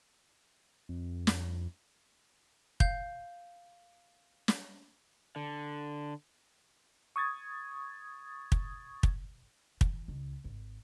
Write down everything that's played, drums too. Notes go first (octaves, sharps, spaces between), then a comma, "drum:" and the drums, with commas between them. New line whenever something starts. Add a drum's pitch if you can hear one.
F2
drum: snare
F5 G6, drum: kick
drum: snare
D3
C#6 D#6 G#6 A6
drum: kick
drum: kick
E3, drum: kick
C#2
G#1